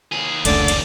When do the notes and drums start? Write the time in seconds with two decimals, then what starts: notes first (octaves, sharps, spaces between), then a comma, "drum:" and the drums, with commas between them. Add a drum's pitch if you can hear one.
0.12 D#2 G#4
0.45 F1 C#2 D3 A3 D5, drum: cymbal
0.68 drum: cymbal